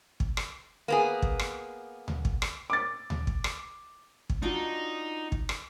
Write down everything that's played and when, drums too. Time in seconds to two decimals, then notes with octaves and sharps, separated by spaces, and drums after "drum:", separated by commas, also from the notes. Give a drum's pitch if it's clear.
0.20 drum: kick
0.37 drum: rim click
0.88 A#3 B3 G#4
1.22 drum: kick
1.39 drum: rim click
2.08 drum: tom D2
2.25 drum: kick
2.42 drum: rim click
2.70 D6 A6
3.10 drum: tom D2
3.27 drum: kick
3.44 drum: rim click
4.30 drum: kick
4.42 D4 D#4 F4 F#4
5.32 drum: kick
5.49 drum: rim click